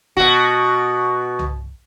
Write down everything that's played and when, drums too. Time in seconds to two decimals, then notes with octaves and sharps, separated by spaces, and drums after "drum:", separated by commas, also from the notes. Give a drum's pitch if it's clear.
0.17 B2 F#4, drum: kick
1.39 drum: tom C2